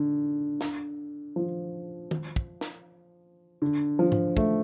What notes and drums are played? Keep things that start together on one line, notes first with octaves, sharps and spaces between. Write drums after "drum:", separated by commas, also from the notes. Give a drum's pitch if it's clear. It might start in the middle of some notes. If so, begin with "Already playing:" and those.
Already playing: D3
drum: snare
F3
drum: tom
drum: kick
drum: snare
D3
F3
drum: tom G#2
A3, drum: kick